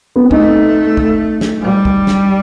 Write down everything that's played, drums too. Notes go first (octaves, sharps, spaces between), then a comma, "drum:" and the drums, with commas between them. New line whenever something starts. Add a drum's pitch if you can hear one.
B3
C4
A3 D#4, drum: kick
drum: kick
drum: snare
G3
drum: kick
drum: snare